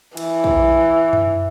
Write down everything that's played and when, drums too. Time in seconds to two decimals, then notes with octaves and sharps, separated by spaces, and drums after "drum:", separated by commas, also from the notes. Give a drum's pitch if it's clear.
0.17 E3, drum: cymbal
0.44 drum: kick
1.13 drum: tom F#2